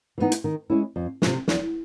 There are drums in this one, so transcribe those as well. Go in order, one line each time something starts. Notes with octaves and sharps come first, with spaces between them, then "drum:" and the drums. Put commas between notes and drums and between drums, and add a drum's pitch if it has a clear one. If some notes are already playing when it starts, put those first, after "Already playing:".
E3 G3 B3 D#4
drum: hi-hat
D#3
G#3 C#4 E4
F2
C3 F3, drum: snare
E2, drum: snare